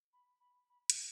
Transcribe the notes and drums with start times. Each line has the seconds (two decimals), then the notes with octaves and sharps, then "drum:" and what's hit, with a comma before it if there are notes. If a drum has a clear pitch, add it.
0.13 B5
0.40 B5
0.69 B5
0.90 drum: hi-hat